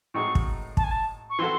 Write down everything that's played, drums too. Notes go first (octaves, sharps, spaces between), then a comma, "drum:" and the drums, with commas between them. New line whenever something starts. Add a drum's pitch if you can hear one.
A2 G#3 C4 D#4 F#4 C#6
drum: kick
A5, drum: kick
G#5
A5
C#6
E3 C4 F#4 A4 C6